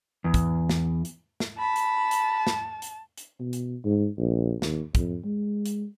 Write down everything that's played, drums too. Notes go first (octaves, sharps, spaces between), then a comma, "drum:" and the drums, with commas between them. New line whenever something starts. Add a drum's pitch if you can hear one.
E2
drum: kick, hi-hat
drum: snare
drum: hi-hat
drum: snare
A5 B5
drum: hi-hat
drum: hi-hat
drum: snare
drum: hi-hat
drum: hi-hat
B2
drum: hi-hat
G#2
A#1
D#2, drum: snare
F2, drum: kick, hi-hat
G#3
drum: hi-hat